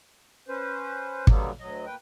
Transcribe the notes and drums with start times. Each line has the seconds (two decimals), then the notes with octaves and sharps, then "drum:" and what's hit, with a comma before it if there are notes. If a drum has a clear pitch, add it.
0.48 C#4 B4 C5
1.27 B2 D3 F#3 G3 A#3 B3, drum: kick
1.60 D2 F#3 D#5
1.86 A#2 B4 G5